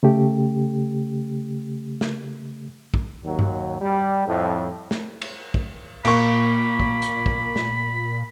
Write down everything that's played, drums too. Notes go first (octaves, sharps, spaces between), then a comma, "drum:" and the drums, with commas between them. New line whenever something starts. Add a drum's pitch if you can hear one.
C#3 A3 G4
drum: snare
drum: kick
D#2 F#3
drum: tom G2
G3
F2 A2
drum: snare
drum: cymbal
drum: kick
A#2 A#3 B5 C#6, drum: cymbal
drum: kick
drum: hi-hat
drum: kick
drum: snare